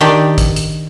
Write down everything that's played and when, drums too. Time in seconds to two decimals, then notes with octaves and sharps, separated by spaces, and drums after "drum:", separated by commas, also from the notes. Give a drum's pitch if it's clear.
0.01 D#3 D4 G4 D5
0.38 drum: kick, hi-hat
0.56 drum: hi-hat